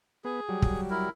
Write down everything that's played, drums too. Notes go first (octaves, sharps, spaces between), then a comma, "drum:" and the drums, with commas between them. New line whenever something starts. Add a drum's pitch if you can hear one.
B3 G#4
F#3 G3
drum: kick
E4 A#4